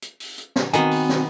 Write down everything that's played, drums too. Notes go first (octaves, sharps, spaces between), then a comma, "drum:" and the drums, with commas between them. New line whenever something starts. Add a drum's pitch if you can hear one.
drum: hi-hat
drum: open hi-hat
drum: hi-hat
drum: snare
D#3 B3 C4 F#4 G#5, drum: hi-hat
drum: open hi-hat
drum: snare